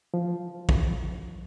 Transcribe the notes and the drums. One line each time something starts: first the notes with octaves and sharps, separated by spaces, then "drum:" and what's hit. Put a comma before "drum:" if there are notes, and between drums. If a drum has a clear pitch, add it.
F3
drum: kick